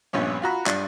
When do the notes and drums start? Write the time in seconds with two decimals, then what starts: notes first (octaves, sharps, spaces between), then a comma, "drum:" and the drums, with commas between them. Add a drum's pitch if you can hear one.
0.13 A#1 G2 B3 C#4
0.42 F4 F#4 A#5 B5
0.66 G2 D5, drum: clap